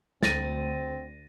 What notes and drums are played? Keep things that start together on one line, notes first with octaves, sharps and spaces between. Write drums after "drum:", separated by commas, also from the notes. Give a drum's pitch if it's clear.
D2 C4 A6 A#6 D#7, drum: snare